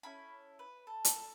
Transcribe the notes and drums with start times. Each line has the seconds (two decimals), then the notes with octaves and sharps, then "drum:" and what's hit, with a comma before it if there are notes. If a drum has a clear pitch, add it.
0.03 C#4 E4 A4 B5
0.59 B4
0.87 A4
1.05 drum: hi-hat
1.16 A4